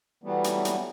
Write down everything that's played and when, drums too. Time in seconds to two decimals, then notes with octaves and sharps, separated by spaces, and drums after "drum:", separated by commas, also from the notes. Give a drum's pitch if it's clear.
0.24 E3 F#3 G3 A3 B3
0.44 drum: hi-hat
0.65 drum: hi-hat